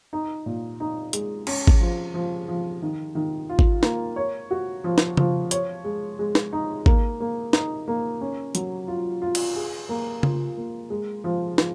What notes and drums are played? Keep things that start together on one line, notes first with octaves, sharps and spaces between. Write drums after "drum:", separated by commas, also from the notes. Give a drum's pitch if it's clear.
D#4
A#2
D#4
G#3, drum: hi-hat
C#4, drum: cymbal
drum: kick G#1
F3
F3
F3
D#3
D#3
F4
drum: kick G#1
A#3, drum: snare
C#5
F#4
F3
drum: snare
F3, drum: tom C#3
C#5, drum: hi-hat
G#3
G#3
drum: snare
D#4
A#3, drum: kick G#1
A#3
D#4, drum: snare
A#3
C#4
F#3, drum: hi-hat
F4
F4
drum: cymbal
G#4
A#3
F4, drum: tom C#3
A#3
G#3
F3
F3, drum: snare